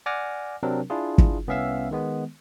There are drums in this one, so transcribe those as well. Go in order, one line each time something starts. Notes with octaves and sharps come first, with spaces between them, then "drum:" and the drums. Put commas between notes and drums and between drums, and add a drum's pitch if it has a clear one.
D5 F#5 G#5 D6 F6 A#6
C3 F#3 C4 D4 A#4
D4 E4 F4 G#4
drum: kick
C2 B3 C#4 E5 F5 E6
D#3 G#3 B3